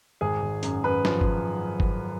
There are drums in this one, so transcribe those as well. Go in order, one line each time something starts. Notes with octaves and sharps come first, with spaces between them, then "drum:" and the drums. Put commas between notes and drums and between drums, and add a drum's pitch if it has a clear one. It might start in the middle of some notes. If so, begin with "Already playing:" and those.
G#1 G#4
G#1
F#2, drum: hi-hat
F#2 B4
F3, drum: snare
drum: kick G1
drum: kick G1